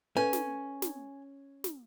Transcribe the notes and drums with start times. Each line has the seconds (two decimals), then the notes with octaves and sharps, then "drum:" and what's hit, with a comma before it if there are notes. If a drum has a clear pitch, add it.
0.17 C#4 A4 B4 G#5
0.33 drum: snare
0.82 drum: snare
1.64 drum: snare